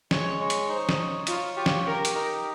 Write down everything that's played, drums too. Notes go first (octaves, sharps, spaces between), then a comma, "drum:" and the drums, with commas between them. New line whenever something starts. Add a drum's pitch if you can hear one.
G#3 C#5, drum: snare
C#5
drum: hi-hat
D#4 C5
drum: snare
C#5
F4 C#5, drum: hi-hat
F4 G4
drum: snare
G4 A#4
drum: hi-hat
D#4 A#4